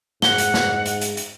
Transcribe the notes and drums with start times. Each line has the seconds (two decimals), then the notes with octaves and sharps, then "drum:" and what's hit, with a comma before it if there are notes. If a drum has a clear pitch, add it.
0.22 G#2 F#5 G7, drum: snare
0.38 drum: hi-hat
0.54 drum: snare
0.86 drum: hi-hat
1.01 drum: hi-hat
1.17 drum: hi-hat